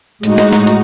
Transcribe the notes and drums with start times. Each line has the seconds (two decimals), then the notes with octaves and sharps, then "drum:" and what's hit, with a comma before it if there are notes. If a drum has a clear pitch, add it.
0.23 A2 G#3 D#4 F#4, drum: hi-hat
0.38 drum: snare
0.53 drum: snare
0.67 drum: hi-hat